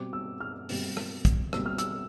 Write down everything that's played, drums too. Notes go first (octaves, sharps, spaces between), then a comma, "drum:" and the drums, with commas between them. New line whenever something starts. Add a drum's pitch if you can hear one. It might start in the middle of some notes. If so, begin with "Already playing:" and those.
Already playing: B2 G3 C4 D6
E6
F6
B2 G3 C4, drum: open hi-hat
drum: rim click
drum: kick, hi-hat
B2 G3 C4 E6, drum: rim click
F6
E6, drum: hi-hat